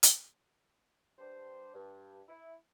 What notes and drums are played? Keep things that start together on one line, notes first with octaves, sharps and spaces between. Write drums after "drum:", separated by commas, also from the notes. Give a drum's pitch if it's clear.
drum: hi-hat
G2 G3 D4 C5
G2
E4